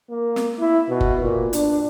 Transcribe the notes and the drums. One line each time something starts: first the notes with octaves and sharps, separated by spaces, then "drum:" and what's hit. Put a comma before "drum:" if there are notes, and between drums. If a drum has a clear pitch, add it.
A#3
drum: snare
E4
B2
drum: kick F#1
A#2
D4, drum: hi-hat